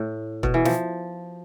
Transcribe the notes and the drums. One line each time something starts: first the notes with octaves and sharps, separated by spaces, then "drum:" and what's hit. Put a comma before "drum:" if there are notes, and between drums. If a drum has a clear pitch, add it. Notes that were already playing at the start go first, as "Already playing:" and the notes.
Already playing: A2
B2, drum: kick
E3
F3, drum: snare